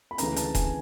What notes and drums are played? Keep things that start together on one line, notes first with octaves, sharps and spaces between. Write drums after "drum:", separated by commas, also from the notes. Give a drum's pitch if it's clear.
B5
D2 C#3 E3 A#5, drum: hi-hat
A5, drum: hi-hat
G#5, drum: kick D#1, hi-hat